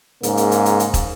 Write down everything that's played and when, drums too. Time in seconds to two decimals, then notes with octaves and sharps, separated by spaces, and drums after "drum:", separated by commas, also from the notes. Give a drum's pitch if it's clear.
0.23 G#2 C#3 A#3, drum: hi-hat
0.37 drum: hi-hat
0.51 drum: hi-hat
0.66 drum: hi-hat
0.80 drum: hi-hat
0.94 drum: kick, hi-hat